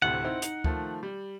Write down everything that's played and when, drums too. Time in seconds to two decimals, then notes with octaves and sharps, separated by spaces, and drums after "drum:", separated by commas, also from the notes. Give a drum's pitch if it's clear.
0.02 D2 A2 C3 F#5
0.24 C4 D#4 E4
0.42 D#4, drum: hi-hat
0.64 D#3 F3 A3, drum: kick D2
1.03 G3